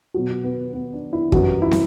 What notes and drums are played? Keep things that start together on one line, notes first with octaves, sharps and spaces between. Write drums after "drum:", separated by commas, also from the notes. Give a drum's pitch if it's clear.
B2 F#3
B3
B3
D4
E4
F#2 E3 G3 F#4, drum: kick
E4
drum: snare